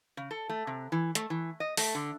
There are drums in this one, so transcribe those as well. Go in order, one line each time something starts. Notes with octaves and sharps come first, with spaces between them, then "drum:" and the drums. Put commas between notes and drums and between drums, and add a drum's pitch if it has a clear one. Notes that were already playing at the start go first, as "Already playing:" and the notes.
C#3
A4
A3
C3
E3
A3, drum: hi-hat
E3
D#5
A3, drum: open hi-hat
D3